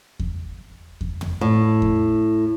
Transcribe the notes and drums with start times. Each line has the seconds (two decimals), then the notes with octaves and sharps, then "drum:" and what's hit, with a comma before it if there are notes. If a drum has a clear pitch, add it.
0.20 drum: kick E2
1.01 drum: kick E2
1.21 drum: tom
1.41 A2
1.82 drum: kick E2